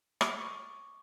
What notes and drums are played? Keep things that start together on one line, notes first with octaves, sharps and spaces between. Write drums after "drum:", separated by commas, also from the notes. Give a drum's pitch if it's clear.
D#6, drum: rim click
D6
C#6